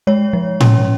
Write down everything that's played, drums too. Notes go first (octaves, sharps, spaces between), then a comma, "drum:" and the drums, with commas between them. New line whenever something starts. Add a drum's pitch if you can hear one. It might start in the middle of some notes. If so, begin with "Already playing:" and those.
G#3 C#5
F3
C#4, drum: tom A2